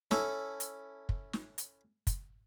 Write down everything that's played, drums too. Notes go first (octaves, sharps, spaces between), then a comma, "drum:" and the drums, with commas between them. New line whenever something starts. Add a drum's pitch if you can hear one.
C#4 E4 A4, drum: snare
drum: hi-hat
drum: kick
drum: snare
drum: hi-hat
drum: kick, hi-hat